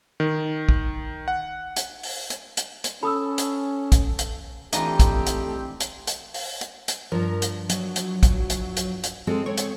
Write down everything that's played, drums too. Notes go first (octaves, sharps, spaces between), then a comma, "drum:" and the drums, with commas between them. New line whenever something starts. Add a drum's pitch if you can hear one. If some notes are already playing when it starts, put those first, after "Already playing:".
D#3
drum: kick
F#5
drum: hi-hat
drum: open hi-hat
drum: hi-hat
drum: hi-hat
drum: hi-hat
C#4 A4 B5 D#6 E6
drum: hi-hat
drum: kick, hi-hat
drum: hi-hat
E3 A3 C4 D4 D#4 F4 G4 D#5, drum: hi-hat
drum: kick, hi-hat
drum: hi-hat
drum: hi-hat
drum: hi-hat
drum: open hi-hat
drum: hi-hat
drum: hi-hat
G2 F3 A#4
drum: hi-hat
F#3, drum: hi-hat
drum: hi-hat
drum: kick, hi-hat
drum: hi-hat
drum: hi-hat
drum: hi-hat
G#3 C4 A4
C4 C#5
drum: hi-hat